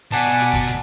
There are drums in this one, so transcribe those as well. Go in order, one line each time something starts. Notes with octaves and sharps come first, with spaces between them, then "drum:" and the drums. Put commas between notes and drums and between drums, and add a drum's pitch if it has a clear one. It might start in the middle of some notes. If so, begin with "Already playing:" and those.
B2 D5 F#5 G#5 A5, drum: open hi-hat
drum: hi-hat
drum: hi-hat
drum: kick, hi-hat
drum: hi-hat